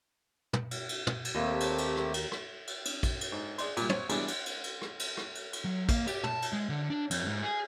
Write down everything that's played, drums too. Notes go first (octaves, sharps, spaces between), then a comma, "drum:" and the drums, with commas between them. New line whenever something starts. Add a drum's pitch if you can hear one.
drum: tom
drum: cymbal
drum: cymbal
drum: tom
drum: cymbal
D#2 A3 C4 G4
drum: cymbal
drum: cymbal
drum: rim click
drum: cymbal
drum: rim click
drum: cymbal
drum: cymbal
drum: kick, cymbal
drum: cymbal
G#2
G#4 D5 C6, drum: cymbal
A#2 G3, drum: cymbal
C4 C#5, drum: tom
E3 G3 G#3 B3 D4, drum: cymbal
drum: cymbal
drum: cymbal
drum: cymbal
drum: rim click
drum: cymbal
drum: rim click
drum: cymbal
drum: cymbal
F#3
A#3, drum: kick, cymbal
G4, drum: cymbal
A5, drum: tom
drum: cymbal
G#3
D3
D4
F2, drum: cymbal
G#2
G#4